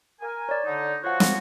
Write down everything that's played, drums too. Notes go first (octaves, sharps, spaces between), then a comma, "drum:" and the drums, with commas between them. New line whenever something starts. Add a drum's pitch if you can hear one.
A#4 G#5
C#5 D5
D3 D#4
F3 F4 F#4 C#5 F#5
drum: snare